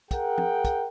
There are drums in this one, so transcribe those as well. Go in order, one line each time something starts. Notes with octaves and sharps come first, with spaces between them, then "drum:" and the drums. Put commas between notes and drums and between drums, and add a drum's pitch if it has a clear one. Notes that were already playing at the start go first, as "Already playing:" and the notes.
G#4 A#4 F#5 G5, drum: kick, hi-hat
drum: tom
drum: kick, hi-hat